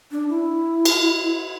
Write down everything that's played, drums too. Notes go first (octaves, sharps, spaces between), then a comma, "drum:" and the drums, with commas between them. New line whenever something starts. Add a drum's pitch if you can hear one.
D4
E4
drum: cymbal